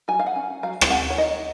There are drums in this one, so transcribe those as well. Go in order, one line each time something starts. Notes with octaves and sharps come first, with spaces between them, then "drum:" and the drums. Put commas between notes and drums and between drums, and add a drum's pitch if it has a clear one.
F#3 G#5
F5
F#5
C#4
F#3 F5
drum: rim click
C#4 F#5
C#5
D#3 D#5